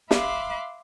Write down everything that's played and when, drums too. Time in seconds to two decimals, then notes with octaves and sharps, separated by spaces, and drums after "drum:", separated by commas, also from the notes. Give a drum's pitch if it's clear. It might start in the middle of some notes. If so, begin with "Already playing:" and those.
0.11 E5 F5 B5 C6 D6 F#6, drum: snare